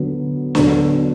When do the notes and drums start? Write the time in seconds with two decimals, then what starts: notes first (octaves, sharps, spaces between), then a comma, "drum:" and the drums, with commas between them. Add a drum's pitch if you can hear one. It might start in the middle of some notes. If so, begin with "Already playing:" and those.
Already playing: D3 F#3 B3
0.55 D3 F#3 B3 D4, drum: snare